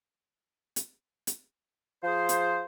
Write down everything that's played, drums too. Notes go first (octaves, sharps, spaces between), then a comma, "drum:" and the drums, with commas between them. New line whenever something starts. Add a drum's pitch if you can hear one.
drum: hi-hat
drum: hi-hat
F3 F4 G#4 C5
drum: hi-hat